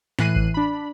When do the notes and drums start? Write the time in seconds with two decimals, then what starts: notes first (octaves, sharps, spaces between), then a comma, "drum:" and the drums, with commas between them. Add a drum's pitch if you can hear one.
0.19 A2 E3 F#6 C7 D#7, drum: snare
0.36 drum: kick A1
0.54 D4 B5